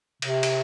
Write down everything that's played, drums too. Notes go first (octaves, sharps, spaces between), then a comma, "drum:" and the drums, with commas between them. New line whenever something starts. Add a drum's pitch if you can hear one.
C3, drum: cymbal
drum: cymbal